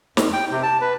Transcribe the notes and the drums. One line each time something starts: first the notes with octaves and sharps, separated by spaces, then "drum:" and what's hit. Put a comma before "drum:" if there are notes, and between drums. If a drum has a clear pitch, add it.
F2, drum: snare
G5
C3
A5
B4